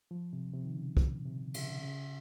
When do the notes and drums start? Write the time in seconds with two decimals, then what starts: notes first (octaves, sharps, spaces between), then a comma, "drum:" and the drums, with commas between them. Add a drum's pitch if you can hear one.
0.11 F3
0.33 C3
0.53 C3
0.65 D#3
0.76 C#3
0.97 A#2, drum: kick
1.25 C3
1.54 C#3, drum: cymbal
1.82 C#3